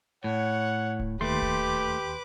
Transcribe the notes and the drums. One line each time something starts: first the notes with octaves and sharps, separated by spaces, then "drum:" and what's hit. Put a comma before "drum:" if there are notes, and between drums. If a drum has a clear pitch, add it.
A2 C#5 F#5
drum: kick D1
D#2 A3 G4 B4 C6 D6
drum: kick D1